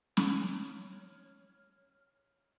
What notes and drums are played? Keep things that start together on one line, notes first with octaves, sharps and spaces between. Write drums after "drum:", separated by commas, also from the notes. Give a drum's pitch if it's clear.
C#5 F6, drum: snare